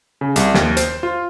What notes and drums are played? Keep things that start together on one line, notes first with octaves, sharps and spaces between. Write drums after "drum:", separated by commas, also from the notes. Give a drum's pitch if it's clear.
C#3
C2, drum: hi-hat
D#2, drum: snare
C5, drum: hi-hat
F4